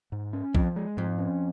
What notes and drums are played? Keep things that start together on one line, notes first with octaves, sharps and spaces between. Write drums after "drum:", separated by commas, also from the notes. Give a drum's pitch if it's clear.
G#2
C#4
F2 F3, drum: kick B1
G#3
F2 G#2
C#4